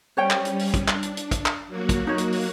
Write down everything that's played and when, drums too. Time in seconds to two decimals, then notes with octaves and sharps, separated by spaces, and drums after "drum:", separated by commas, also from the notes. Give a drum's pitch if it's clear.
0.17 G3 C#4 C5 C#5 G5
0.30 drum: clap
0.45 drum: hi-hat
0.59 drum: open hi-hat
0.74 drum: kick, hi-hat
0.88 D4, drum: clap
1.03 drum: hi-hat
1.17 drum: hi-hat
1.31 drum: kick, hi-hat
1.46 drum: clap
1.67 F#3 A#3 F#4
1.89 drum: kick, hi-hat
2.07 D#4 C#5
2.18 drum: hi-hat
2.32 drum: open hi-hat